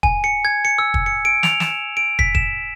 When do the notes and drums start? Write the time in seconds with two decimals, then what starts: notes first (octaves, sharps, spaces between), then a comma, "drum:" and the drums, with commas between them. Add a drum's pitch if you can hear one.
0.03 G#5, drum: kick
0.24 C#7
0.45 G#6
0.65 C#7
0.79 E6
0.94 drum: kick
1.06 C#7
1.25 D7
1.43 F7, drum: snare
1.60 E7, drum: snare
1.97 D7
2.19 B6, drum: kick
2.35 E7, drum: kick